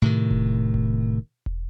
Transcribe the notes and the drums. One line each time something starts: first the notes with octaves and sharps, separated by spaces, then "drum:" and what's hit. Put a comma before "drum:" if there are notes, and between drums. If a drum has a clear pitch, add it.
A2 C3 D#3
drum: kick E1
drum: kick E1
drum: kick E1